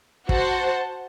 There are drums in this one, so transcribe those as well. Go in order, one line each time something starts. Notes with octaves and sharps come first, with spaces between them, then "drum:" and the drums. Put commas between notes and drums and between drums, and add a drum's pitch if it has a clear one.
F#4 C5 F#5 A5, drum: kick